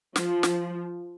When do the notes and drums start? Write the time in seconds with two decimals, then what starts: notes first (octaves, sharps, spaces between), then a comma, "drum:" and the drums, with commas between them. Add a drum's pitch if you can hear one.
0.16 F3, drum: snare
0.43 drum: snare